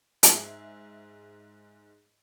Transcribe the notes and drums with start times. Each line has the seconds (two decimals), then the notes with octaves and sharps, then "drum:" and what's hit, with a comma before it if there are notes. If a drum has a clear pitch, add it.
0.23 G#2 G#4 E5 C7, drum: hi-hat